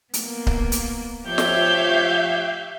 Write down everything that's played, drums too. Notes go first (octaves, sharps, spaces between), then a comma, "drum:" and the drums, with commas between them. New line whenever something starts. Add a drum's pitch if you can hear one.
A#3 B3, drum: hi-hat
drum: kick C#1
drum: hi-hat
F3 G4 C#5 E5 F5 G6
drum: snare